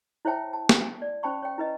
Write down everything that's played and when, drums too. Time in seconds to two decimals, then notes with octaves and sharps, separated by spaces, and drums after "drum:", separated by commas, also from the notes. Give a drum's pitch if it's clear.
0.25 E4 C5 C#5 E5 G5 A5
0.53 A5
0.69 drum: snare
1.02 D5
1.23 C#4 C5 G5 A5 B5 C#6
1.42 C#5 G5
1.58 E4 B4 D#5